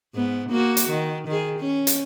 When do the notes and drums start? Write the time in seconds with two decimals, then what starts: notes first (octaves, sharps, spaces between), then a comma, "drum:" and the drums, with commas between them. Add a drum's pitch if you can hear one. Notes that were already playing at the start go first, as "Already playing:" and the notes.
0.15 G#2 B3
0.50 A#3 F#4
0.77 drum: hi-hat
0.90 D#3
1.28 D#3 G#4
1.59 C#4
1.87 drum: hi-hat